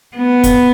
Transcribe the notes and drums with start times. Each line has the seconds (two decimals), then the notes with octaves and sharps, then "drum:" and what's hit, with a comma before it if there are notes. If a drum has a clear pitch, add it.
0.16 B3
0.44 drum: kick, hi-hat